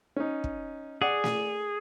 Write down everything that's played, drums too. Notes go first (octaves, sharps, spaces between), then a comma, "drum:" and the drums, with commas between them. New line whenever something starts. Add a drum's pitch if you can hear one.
C#4 D#4
drum: kick
G#4 D5 F#5
drum: snare